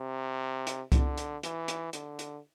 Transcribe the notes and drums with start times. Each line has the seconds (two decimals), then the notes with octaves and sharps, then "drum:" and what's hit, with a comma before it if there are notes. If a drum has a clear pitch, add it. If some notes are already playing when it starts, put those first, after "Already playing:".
Already playing: C3
0.67 drum: hi-hat
0.92 D3, drum: kick C2, hi-hat
1.17 drum: hi-hat
1.43 E3, drum: hi-hat
1.68 drum: hi-hat
1.93 D3, drum: hi-hat
2.19 drum: hi-hat